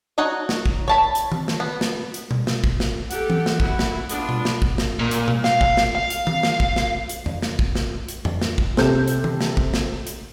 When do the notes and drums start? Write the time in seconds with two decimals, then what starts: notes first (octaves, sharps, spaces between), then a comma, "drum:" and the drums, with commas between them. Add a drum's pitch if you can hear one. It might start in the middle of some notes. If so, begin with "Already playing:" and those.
0.18 D#4 F#4 C#5 D#5
0.49 drum: snare
0.66 drum: kick
0.88 C#5 A5 B5
1.15 drum: hi-hat
1.32 drum: tom D#3
1.48 drum: snare
1.60 B3
1.81 drum: snare
2.14 drum: hi-hat
2.31 drum: tom B2
2.47 drum: snare
2.64 drum: kick
2.80 drum: snare
3.11 G4 A4 F#5, drum: hi-hat
3.30 drum: tom E3
3.46 drum: snare
3.60 E4 F#4, drum: kick
3.79 drum: snare
4.09 B3 D4 F4, drum: hi-hat
4.29 drum: tom B2
4.45 drum: snare
4.62 drum: kick
4.78 drum: snare
4.99 A#2
5.11 drum: hi-hat
5.28 drum: tom B2
5.44 F5, drum: snare
5.61 drum: kick
5.77 drum: snare
5.95 F5
6.10 drum: hi-hat
6.27 drum: tom D#3
6.43 drum: snare
6.60 drum: kick
6.76 drum: snare
7.09 drum: hi-hat
7.26 drum: tom E2
7.42 drum: snare
7.59 drum: kick
7.75 drum: snare
8.09 drum: hi-hat
8.25 drum: tom E2
8.42 drum: snare
8.58 drum: kick
8.77 C3 A4 G6, drum: snare
9.08 drum: hi-hat
9.24 drum: tom D#3
9.41 drum: snare
9.57 drum: kick
9.74 drum: snare
10.07 drum: hi-hat